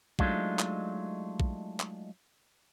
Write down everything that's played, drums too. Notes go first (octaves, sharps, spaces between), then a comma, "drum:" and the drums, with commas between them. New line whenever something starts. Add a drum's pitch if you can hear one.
F#3 G#3 A3 D4 D#4 F4, drum: kick
drum: clap
drum: kick
drum: clap